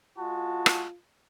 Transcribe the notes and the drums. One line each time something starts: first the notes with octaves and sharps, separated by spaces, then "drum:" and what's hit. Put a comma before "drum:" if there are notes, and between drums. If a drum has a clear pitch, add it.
G#3 F4 F#4 A5
drum: rim click